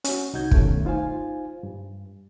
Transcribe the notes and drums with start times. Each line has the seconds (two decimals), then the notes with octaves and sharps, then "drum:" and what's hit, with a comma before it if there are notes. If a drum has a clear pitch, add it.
0.04 C#4 F#4, drum: hi-hat
0.33 C2 D#4 F#4 G6 G#6
0.51 D2 G2 B2 D#3 A3 C#4, drum: kick
0.85 D#4 F4 C5 F5 G#5
1.63 G2